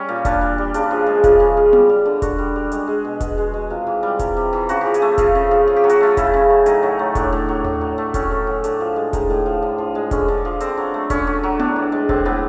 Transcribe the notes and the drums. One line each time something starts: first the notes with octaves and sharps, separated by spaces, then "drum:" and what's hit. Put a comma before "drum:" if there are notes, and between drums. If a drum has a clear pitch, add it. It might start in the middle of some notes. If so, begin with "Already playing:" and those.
Already playing: G3 C#4
A#2
A#2 D4, drum: kick E1, hi-hat
G3
G3
C#3 D4, drum: hi-hat
F3
G#3
C#3 F4, drum: kick E1, hi-hat
C#3
F3
G3, drum: tom B3
G3
D3
D3 F#4, drum: kick E1, hi-hat
G3
G3
G#3, drum: hi-hat
G#3
B2
B2, drum: kick E1, hi-hat
G#3
G#3
C3 F4
E3
G3
C3, drum: kick E1, hi-hat
C3
E3
C#3 F#4, drum: hi-hat
F3 G4
G#4, drum: hi-hat
A3
C#3 F4, drum: kick E1, hi-hat
C#3
F3
C#3
G4
F#3
F#4, drum: hi-hat
A3 F4
C#3 E4, drum: kick E1, hi-hat
C#3
F#3
A2 D#4, drum: hi-hat
F#3
A3
A2 D4, drum: kick E1, hi-hat
A2
F#3
A2, drum: tom D#2
F#3
A3
A2 C#4, drum: kick E1, hi-hat
A2
F#3
A2 D4, drum: hi-hat
F3
G#3
A2 D#4, drum: kick E1, hi-hat
A2
F3
D3
F3
G#3
D3 C#4, drum: kick E1, hi-hat
D3
F3
D3 C4, drum: hi-hat
F#3
A3
D3 C#4, drum: kick E1, hi-hat
D3
F#3
A2 D4, drum: tom B3
E3
G#3
A2 C4, drum: kick E1
A2 B3